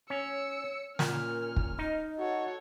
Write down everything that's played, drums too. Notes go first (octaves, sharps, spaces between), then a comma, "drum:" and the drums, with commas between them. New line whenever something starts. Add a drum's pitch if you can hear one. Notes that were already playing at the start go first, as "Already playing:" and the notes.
C#4 C#5 E6 C#7
A#2 C#4 A#4 F6, drum: snare
drum: kick
D#4 D#5
F#4 A4 C#5